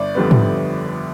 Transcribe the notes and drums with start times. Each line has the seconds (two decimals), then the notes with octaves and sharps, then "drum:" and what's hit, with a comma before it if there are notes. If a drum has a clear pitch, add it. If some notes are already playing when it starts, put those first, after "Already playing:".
Already playing: G1 D5
0.15 F2 D3 G3 B3
0.31 drum: tom